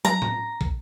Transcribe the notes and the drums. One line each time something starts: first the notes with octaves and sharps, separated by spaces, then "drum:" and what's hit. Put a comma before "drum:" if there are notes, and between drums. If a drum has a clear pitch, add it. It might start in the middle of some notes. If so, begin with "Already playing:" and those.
A#5, drum: tom
drum: tom A2
drum: kick